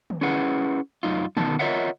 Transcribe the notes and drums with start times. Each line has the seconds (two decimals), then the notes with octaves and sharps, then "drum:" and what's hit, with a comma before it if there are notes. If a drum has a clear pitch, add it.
0.10 drum: tom
0.21 C#4 E4 G#4 B4 F#5
1.03 F#2 D#4 F4
1.37 B2 D#3 A5, drum: tom
1.59 F4 A#4 C#5 D#5 E5 F#5